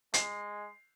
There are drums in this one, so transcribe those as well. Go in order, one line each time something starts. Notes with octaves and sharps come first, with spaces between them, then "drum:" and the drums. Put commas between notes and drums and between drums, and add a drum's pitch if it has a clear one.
G#3 C7, drum: hi-hat